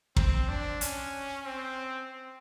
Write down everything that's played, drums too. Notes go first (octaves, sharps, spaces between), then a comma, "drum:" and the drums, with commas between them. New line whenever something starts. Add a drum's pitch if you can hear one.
C4, drum: kick
D4
C#4, drum: hi-hat
C4